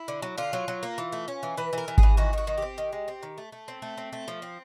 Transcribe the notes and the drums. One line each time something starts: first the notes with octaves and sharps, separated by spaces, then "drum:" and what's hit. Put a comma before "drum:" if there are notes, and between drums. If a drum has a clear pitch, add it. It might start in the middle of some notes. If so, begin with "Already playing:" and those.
Already playing: E4
D3
F#3
D3 F4
F#3
F#3
A#3
E3
A3
C#4
E3
E3 B4
E3 A#4
E3
G#4, drum: kick G#1
E3
D#3 F#4
D#3 F#4
D#3
C4 G4
D#3
G#3
C4
D#3
A3
A3
C4
A3
C4
A3
F3
C4